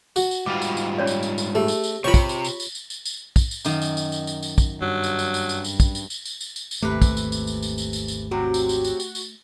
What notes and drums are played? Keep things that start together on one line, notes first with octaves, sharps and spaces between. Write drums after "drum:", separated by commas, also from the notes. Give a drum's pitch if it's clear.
F#4, drum: tambourine
drum: tambourine
G#2 G3 F4 D6
drum: tambourine
drum: tambourine
C#4 C#5 D5
drum: tambourine
drum: tambourine
drum: tambourine
A3 G4 G#4
drum: tambourine
drum: tambourine
C3 F4 C#5 B5 C#6
drum: kick, tambourine
drum: tambourine
drum: tambourine
drum: tambourine
drum: tambourine
drum: tambourine
drum: tambourine
drum: kick, tambourine
drum: tambourine
F#2 D#3 F5, drum: tambourine
drum: tambourine
drum: tambourine
drum: tambourine
drum: tambourine
drum: tambourine
drum: kick, tambourine
G2 F#3
drum: tambourine
drum: tambourine
drum: tambourine
drum: tambourine
drum: tambourine
drum: kick, tambourine
drum: tambourine
drum: tambourine
drum: tambourine
drum: tambourine
drum: tambourine
drum: tambourine
G#1 D#2 C3 E3 A3 B4
drum: kick, tambourine
drum: tambourine
drum: tambourine
drum: tambourine
drum: tambourine
drum: tambourine
drum: tambourine
drum: tambourine
C3 F#3 C4 F#4
drum: tambourine
drum: tambourine
drum: tambourine
drum: tambourine
drum: tambourine